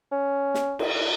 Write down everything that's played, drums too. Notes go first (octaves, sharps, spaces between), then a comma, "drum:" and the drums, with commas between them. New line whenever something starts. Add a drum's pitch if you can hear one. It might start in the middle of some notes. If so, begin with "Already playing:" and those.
C#4
drum: snare
drum: cymbal